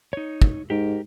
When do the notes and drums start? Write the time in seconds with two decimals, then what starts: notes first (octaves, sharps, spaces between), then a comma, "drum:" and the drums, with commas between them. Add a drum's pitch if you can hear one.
0.13 D#4 C#5
0.42 drum: kick
0.70 G#2 G4 A#4